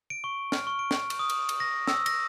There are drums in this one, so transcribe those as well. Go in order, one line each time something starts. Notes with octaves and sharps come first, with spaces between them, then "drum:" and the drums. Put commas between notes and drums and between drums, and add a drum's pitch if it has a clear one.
D7
C#6
F6, drum: snare
C#6
D7
drum: snare
drum: cymbal
D#6
drum: cymbal
drum: cymbal
A#6
E6, drum: snare
A#6, drum: cymbal